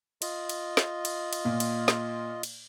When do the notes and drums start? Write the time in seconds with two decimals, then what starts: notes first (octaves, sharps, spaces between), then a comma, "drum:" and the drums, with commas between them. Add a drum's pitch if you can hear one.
0.22 F4 D#5, drum: cymbal
0.49 drum: cymbal
0.77 drum: snare
1.05 drum: cymbal
1.33 drum: cymbal
1.45 A#2
1.60 drum: cymbal
1.88 drum: snare
2.43 drum: cymbal